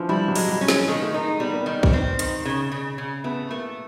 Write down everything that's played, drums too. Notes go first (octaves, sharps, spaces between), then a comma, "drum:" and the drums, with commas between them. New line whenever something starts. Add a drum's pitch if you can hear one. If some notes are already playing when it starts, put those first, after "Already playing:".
Already playing: D3 E3 F3
G3 E4
F#3
G#3, drum: open hi-hat
G3
C#4
G#3, drum: snare
D#3 A3
G#3
A3
A#3 D#4
G3 B3
A#3
D#3 B3
drum: kick
C4
D#3, drum: hi-hat
C#3
C#3
C#3
A3 B3
A3 A#3